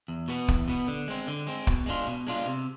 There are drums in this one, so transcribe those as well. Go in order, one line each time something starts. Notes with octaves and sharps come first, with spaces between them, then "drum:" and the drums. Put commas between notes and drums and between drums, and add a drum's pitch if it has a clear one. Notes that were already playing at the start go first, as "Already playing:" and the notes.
E2
B2 B3
E2, drum: kick
B2 B3
D3
G#3 C4
D3
G#3 C4
B2, drum: kick
G#3 D4 F4
B2
G#3 D4 F4
C3